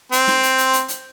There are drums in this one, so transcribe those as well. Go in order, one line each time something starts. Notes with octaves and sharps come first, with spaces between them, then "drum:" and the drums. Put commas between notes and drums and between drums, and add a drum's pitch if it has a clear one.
C4, drum: hi-hat
drum: snare
drum: hi-hat
drum: hi-hat
drum: hi-hat
drum: hi-hat